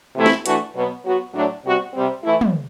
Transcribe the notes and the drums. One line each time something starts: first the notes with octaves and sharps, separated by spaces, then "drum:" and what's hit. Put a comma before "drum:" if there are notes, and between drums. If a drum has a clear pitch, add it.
C3 E3 A3 E4
drum: snare
E3 A3 D4 F#4, drum: hi-hat
B2 F#3 B3
F#3 B3 F#4
A2 F#3 A3 D4
C3 G3 B3 F#4
C3 G3 C4
E3 A3 E4
drum: tom